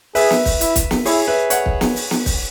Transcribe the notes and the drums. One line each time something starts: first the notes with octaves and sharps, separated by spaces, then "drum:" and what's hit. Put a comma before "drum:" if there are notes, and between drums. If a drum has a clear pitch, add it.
G#4 B4 E5, drum: open hi-hat
drum: snare
drum: kick, open hi-hat
E4, drum: hi-hat
drum: kick, hi-hat
drum: snare
E4 G#4 C#5, drum: open hi-hat
B4 E5
C#5 F#5, drum: hi-hat
drum: kick
drum: snare
drum: open hi-hat
drum: snare
drum: kick, open hi-hat